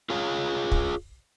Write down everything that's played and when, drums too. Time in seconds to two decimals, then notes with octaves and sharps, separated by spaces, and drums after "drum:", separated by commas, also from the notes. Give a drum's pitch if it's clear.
0.10 F4 G#4 C#5 F5
0.72 drum: kick